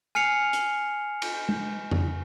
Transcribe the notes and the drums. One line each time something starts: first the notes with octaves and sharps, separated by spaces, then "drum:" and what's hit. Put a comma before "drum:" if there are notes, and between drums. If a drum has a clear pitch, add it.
G#5 F6 C7 C#7 F7
drum: hi-hat
drum: cymbal
drum: tom G#3
drum: tom F2